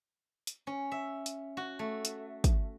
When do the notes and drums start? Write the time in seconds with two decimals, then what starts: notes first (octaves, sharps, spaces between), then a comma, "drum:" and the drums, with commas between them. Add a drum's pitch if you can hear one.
0.47 drum: hi-hat
0.67 C#4
0.91 E5
1.26 drum: hi-hat
1.57 F#4
1.79 A3
2.05 drum: hi-hat
2.44 drum: kick, hi-hat